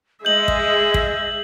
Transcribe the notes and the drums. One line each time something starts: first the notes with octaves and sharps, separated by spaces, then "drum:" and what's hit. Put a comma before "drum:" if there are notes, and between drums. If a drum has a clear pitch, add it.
G#3 G#4 D#5 E5 G6 F#7
drum: kick
drum: kick